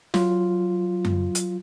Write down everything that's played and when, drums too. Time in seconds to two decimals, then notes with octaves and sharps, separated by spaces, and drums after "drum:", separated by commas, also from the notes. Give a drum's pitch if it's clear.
0.14 F#3 F4, drum: snare
1.05 drum: tom F#2
1.35 drum: hi-hat